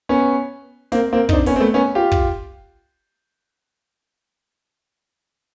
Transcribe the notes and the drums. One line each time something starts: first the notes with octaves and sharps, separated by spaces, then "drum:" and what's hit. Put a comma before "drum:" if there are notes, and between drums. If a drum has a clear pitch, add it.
B3 C#4
A#3 C4, drum: snare
A#3 C4
D#4, drum: kick
C4 D4
B3 C#4, drum: open hi-hat
C4
A3 B3
B3 C#4
F4 G4
drum: kick